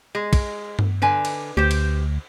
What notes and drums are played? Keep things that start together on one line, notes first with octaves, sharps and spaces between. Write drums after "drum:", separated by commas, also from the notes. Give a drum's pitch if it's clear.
G#3
drum: kick, cymbal
drum: tom G2
D3 B4 G#5
drum: cymbal
D2 G4 C5
drum: cymbal